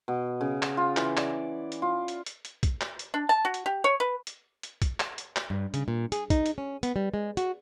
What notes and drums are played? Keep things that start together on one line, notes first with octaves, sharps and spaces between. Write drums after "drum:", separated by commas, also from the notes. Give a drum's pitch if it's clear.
B2
C#3
drum: clap
F4
E3, drum: clap
D5, drum: clap
drum: hi-hat
F4
drum: hi-hat
drum: hi-hat
drum: hi-hat
drum: kick, hi-hat
drum: clap
drum: hi-hat
D4
A5
F#4
drum: hi-hat
G4
C#5
B4
drum: hi-hat
drum: hi-hat
drum: kick, hi-hat
drum: clap
drum: hi-hat
drum: clap
G2
C#3, drum: hi-hat
A#2
G#4, drum: hi-hat
D#4, drum: kick, hi-hat
drum: hi-hat
C#4
B3, drum: hi-hat
G3
G#3
F#4, drum: hi-hat